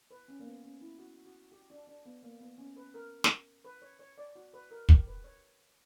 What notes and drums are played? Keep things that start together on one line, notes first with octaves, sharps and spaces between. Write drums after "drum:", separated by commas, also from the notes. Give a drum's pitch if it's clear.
B4
C#4
A#3
B3
C#4
E4
F#4
F#4
G4
D4
D4
B3
A#3
B3
C#4
B4
A#4
drum: snare
B4
C#5
C#5
D5
F#4
B4
A#4
G4, drum: kick
B4
C#5